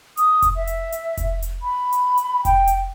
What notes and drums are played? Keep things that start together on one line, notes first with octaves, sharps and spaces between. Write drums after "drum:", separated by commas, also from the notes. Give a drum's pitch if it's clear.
D#6, drum: hi-hat
drum: kick F1, hi-hat
E5
drum: hi-hat
drum: hi-hat
drum: kick F1, hi-hat
drum: hi-hat
B5
drum: hi-hat
drum: hi-hat
G5, drum: kick F1, hi-hat
drum: hi-hat